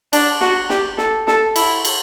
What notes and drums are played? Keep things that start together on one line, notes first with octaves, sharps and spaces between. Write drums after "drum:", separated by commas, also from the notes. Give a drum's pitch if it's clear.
D4, drum: cymbal
F#4, drum: snare
G4, drum: snare
A4, drum: snare
A4, drum: snare
E4, drum: cymbal
drum: cymbal